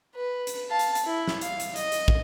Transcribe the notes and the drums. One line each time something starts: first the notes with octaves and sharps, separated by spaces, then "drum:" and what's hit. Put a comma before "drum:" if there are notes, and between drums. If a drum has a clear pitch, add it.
B4
drum: hi-hat
F5 A5
drum: hi-hat
drum: hi-hat
E4
drum: snare
F5, drum: hi-hat
drum: hi-hat
D#5, drum: hi-hat
drum: hi-hat
drum: kick